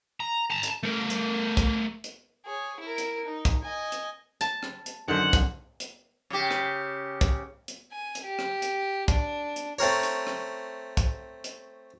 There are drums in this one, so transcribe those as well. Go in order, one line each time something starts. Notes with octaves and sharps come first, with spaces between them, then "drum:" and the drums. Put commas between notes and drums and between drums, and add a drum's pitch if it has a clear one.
A#5
A5 A#5
drum: hi-hat
A3 A#4
drum: hi-hat
drum: kick, hi-hat
drum: hi-hat
G#4 C#5
E4 A#4
drum: hi-hat
D#4
drum: kick, hi-hat
D#5 G#5
drum: hi-hat
A5, drum: hi-hat
drum: rim click
drum: hi-hat
F#2 D3 D#3 C5 F#5
drum: kick, hi-hat
drum: hi-hat
C#3 G4
drum: rim click
drum: kick, hi-hat
drum: hi-hat
G#5
drum: hi-hat
G4
drum: rim click
drum: hi-hat
D4, drum: kick, hi-hat
drum: hi-hat
A3 C4 A#4 C#5
drum: hi-hat
drum: rim click
drum: kick, hi-hat
drum: hi-hat